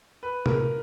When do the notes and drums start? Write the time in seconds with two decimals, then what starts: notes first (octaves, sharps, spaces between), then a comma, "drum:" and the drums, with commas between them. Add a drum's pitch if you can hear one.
0.23 B4
0.46 A#4, drum: tom